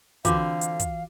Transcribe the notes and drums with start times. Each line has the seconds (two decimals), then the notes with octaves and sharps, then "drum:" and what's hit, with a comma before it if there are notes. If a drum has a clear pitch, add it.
0.25 D3 E3 C4 F4 F#4 F5 D6, drum: kick, hi-hat
0.61 drum: hi-hat
0.80 drum: kick, hi-hat